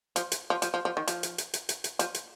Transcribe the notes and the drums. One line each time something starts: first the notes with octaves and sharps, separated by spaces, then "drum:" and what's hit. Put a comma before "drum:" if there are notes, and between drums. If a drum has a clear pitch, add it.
F3, drum: hi-hat
drum: hi-hat
F3
F3, drum: hi-hat
F3
F3
D#3
F3, drum: hi-hat
drum: hi-hat
drum: hi-hat
drum: hi-hat
drum: hi-hat
drum: hi-hat
F3, drum: hi-hat
drum: hi-hat